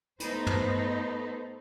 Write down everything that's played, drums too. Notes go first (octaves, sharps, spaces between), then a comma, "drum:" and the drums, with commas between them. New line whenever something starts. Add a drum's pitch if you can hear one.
A3 B3 D#4 A4 B4 C5, drum: hi-hat
drum: tom